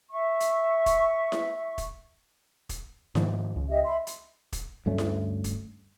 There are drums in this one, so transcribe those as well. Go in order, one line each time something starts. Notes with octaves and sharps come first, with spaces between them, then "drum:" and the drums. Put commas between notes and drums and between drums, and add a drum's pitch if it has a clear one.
E5 C#6
drum: hi-hat
drum: kick, hi-hat
drum: snare E4
drum: kick, hi-hat
drum: kick, hi-hat
G#2 D#3 F3, drum: snare E4
C#2
G4 D#5 E5
E5 B5 C6
drum: hi-hat
drum: kick, hi-hat
D2 G2 A3 C#4
drum: snare E4
drum: kick, hi-hat